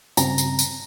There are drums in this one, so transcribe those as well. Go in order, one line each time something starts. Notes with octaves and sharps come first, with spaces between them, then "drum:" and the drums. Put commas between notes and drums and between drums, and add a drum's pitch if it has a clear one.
G2 C#3 C4 A#5, drum: tambourine
drum: tambourine
drum: tambourine